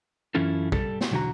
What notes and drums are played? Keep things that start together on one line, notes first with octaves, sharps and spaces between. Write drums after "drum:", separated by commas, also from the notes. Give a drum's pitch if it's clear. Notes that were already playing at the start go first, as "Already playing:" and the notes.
F#2 E3 C#4 E4 F4 A4
G3 A4, drum: kick
drum: snare
B1 E2 D3 F#4 A#5